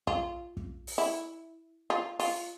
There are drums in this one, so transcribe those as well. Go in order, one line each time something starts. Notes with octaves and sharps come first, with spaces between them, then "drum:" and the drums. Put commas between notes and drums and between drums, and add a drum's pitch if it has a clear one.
F4, drum: kick
drum: kick
drum: open hi-hat
E4
F4
F4, drum: open hi-hat